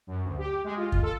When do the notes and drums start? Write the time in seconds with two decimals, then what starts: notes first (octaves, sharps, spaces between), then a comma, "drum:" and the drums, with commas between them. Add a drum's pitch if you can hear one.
0.07 F#2
0.24 D2
0.38 G4
0.64 G#3
0.77 F4
0.92 drum: kick
1.03 A4